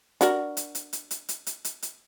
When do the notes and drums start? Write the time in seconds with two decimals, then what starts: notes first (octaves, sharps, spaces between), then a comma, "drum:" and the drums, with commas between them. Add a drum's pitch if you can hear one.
0.21 D4 F#4 A#4, drum: hi-hat
0.57 drum: hi-hat
0.75 drum: hi-hat
0.93 drum: hi-hat
1.11 drum: hi-hat
1.29 drum: hi-hat
1.47 drum: hi-hat
1.65 drum: hi-hat
1.82 drum: hi-hat